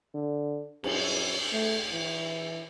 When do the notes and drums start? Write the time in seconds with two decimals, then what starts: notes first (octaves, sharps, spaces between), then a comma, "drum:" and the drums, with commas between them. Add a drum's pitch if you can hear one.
0.14 D3
0.84 F#2, drum: cymbal
1.53 A3
1.92 E3